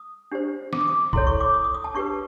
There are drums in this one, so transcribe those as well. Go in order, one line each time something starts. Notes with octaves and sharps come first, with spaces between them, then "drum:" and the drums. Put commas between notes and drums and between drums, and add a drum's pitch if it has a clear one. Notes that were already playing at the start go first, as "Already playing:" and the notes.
Already playing: D#6
D4 G4 C5
D6, drum: snare
D#6
D6
E4 A4 C#5 C6, drum: kick B1
C#6
D6
D#6
D#6
D#6
A5
D4 G4 B4 C#6